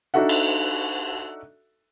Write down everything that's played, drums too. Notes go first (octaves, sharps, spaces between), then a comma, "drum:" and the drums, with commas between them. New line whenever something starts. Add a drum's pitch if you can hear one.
D4 D#4 F#4 A4 E5 F#5
drum: cymbal